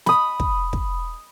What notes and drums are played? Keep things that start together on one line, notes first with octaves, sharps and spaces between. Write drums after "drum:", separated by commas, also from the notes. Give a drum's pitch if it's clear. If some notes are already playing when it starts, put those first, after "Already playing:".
B5 D#6, drum: snare
drum: kick
drum: kick